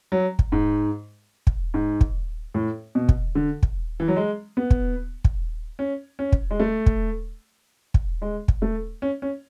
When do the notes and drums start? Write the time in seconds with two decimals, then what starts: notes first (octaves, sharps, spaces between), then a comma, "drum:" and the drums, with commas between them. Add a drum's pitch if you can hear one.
0.12 F#3
0.39 drum: kick
0.52 G#2
1.47 drum: kick
1.74 G#2
2.01 drum: kick
2.54 A2
2.95 B2
3.09 drum: kick
3.35 D3
3.63 drum: kick
4.00 E3
4.08 F#3
4.16 G#3
4.57 B3
4.71 drum: kick
5.24 drum: kick
5.79 C#4
6.19 C#4
6.32 drum: kick
6.51 G#3
6.60 A3
6.86 drum: kick
7.94 drum: kick
8.22 G#3
8.48 drum: kick
8.62 A3
9.02 C#4
9.22 C#4